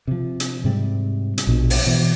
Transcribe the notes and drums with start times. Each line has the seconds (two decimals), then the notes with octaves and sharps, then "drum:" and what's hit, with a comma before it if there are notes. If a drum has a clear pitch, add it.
0.07 C3 F3
0.40 drum: hi-hat
0.64 G#2 C3 G3
1.38 drum: hi-hat
1.47 A#1 B2
1.70 drum: open hi-hat
1.86 B2 E3